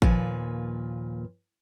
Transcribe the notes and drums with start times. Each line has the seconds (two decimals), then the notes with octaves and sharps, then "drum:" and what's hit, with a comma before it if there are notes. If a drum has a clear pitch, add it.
0.02 D#2 A#2 F3 B4 G#5, drum: kick